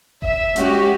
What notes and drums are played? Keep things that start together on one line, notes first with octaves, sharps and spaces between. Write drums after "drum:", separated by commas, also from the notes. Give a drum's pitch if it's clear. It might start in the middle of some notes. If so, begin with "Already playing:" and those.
E5, drum: kick F#1
G#3 C#4 F#4 G4, drum: hi-hat